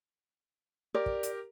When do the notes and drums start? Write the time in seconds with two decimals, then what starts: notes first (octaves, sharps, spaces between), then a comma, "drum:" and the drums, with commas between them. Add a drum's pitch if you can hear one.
0.94 G4 A#4 D5
1.06 drum: kick
1.23 drum: hi-hat